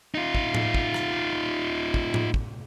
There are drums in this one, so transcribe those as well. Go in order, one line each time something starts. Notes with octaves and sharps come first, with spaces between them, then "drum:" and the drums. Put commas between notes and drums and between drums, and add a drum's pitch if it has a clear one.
D#4 F4
drum: kick
drum: tom A2
drum: kick
drum: rim click
drum: kick
drum: tom A2
drum: kick